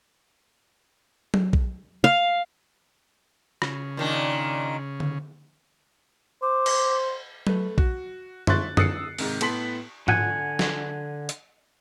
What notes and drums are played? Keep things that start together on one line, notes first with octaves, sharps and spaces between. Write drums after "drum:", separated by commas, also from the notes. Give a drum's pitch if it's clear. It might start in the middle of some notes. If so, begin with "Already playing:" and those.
drum: tom F#3
drum: kick A#1
F5
C#3, drum: rim click
A#2 D#3 D4
drum: tom D3
C5 D6
drum: cymbal
A3 B4, drum: tom F#3
F#4, drum: kick A#1
E5 C6 C#6 F#6 A6, drum: tom F#2
D#6 E6 F#6 A6 C7 C#7, drum: tom F#2
G#2 C3 D#3, drum: open hi-hat
A2 B3 A4 C6 B6 F#7, drum: cymbal
D3 F#5 G#5, drum: tom G#2
drum: snare
drum: hi-hat